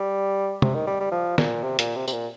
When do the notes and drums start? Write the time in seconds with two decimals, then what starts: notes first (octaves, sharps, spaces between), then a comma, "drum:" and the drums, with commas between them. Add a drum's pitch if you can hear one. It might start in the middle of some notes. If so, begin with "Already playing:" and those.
Already playing: G3
0.62 C3, drum: tom
0.75 D#3
0.87 G3
1.00 G3
1.12 F3
1.38 A#2, drum: snare
1.63 C3
1.79 A#2, drum: hi-hat
1.97 C3
2.08 C3, drum: tambourine
2.13 A#2